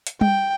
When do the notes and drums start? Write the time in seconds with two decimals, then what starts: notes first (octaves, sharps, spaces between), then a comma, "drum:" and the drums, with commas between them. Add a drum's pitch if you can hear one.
0.07 drum: hi-hat
0.21 G5, drum: tom G3